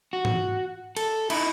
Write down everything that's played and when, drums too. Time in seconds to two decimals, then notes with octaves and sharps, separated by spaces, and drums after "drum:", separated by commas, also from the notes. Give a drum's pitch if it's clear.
0.13 F#4
0.25 drum: tom G#2
0.97 A4, drum: cymbal
1.30 D#4 E4, drum: cymbal